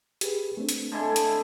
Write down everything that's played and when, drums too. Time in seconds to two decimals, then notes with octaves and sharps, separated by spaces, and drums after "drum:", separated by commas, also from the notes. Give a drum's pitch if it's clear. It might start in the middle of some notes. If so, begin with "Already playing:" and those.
0.21 G4 G#4 B4, drum: hi-hat
0.57 A3 C4 D4
0.69 drum: hi-hat
0.92 D3 G#3 E4
1.16 drum: hi-hat